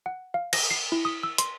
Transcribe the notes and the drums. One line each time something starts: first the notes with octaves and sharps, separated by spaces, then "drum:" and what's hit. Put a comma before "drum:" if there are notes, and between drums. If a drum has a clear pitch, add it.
F#5
F5
A#6, drum: cymbal
C7
E4
D#6
E6
C6, drum: hi-hat